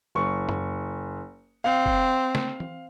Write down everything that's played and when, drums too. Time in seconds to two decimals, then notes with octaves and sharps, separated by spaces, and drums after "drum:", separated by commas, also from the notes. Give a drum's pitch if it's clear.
0.15 F#1 C#6
0.49 drum: tom F#2
1.64 C4 F5
1.86 drum: kick
2.35 drum: snare
2.60 drum: tom E3